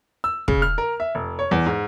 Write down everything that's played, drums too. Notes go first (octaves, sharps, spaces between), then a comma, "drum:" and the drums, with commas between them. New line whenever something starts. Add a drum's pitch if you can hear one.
E6
C#3, drum: kick
F6
A#4
E5
F1
C#5
E2
G#2